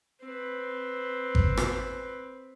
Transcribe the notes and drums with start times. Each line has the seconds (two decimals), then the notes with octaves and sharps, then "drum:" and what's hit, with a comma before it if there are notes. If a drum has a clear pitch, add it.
0.22 C4 B4
1.35 drum: kick G#1
1.57 drum: rim click